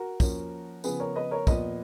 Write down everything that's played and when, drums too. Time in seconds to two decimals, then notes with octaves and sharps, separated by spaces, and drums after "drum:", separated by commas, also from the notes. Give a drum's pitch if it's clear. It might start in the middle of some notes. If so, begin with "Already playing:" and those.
Already playing: F#4 A#4
0.20 F3 A#3 C#4, drum: kick, tambourine
0.84 C#3 F3 B3 G#4 B4, drum: tambourine
1.00 A#4 C#5
1.16 B4 D#5
1.31 A#4 C#5
1.47 A#2 F3 B3 B4 D#5, drum: kick, tambourine